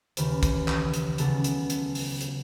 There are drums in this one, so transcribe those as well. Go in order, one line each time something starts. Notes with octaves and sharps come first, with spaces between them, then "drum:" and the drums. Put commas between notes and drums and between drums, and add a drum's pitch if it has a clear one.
D#2 C#3 E3 B4, drum: hi-hat
drum: kick B1, hi-hat
drum: clap
drum: hi-hat
C#2 C#3 F#3 B3 A4, drum: hi-hat
drum: hi-hat
drum: hi-hat
drum: open hi-hat
drum: hi-hat